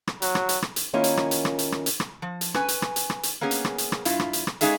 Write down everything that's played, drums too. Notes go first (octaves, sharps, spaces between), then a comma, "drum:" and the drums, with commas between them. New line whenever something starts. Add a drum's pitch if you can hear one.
drum: rim click
F#3, drum: hi-hat
drum: rim click
drum: hi-hat
drum: rim click
drum: hi-hat
D#3 A#3 C#4 E4 F4 A#4
drum: hi-hat
drum: rim click
drum: hi-hat
drum: rim click
drum: hi-hat
drum: rim click
drum: hi-hat
drum: rim click
F3
drum: hi-hat
C#4 B4 G#5, drum: rim click
drum: hi-hat
drum: rim click
drum: hi-hat
drum: rim click
drum: hi-hat
A#3 B3 C#4 G#4
drum: hi-hat
drum: rim click
drum: hi-hat
drum: rim click
G2 E4 F4, drum: hi-hat
drum: rim click
drum: hi-hat
drum: rim click
G#3 C#4 D#4 G#4 E5 F5, drum: hi-hat